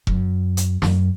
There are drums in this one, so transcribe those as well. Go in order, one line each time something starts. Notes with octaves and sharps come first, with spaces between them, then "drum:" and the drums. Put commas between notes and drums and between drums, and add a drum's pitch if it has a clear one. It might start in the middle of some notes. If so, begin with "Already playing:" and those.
F#2, drum: kick F1
drum: hi-hat
F#2, drum: snare